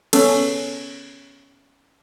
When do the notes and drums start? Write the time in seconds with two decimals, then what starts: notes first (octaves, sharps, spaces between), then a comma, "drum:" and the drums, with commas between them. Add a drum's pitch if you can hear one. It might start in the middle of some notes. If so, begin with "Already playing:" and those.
0.13 B3 C#4 A4, drum: cymbal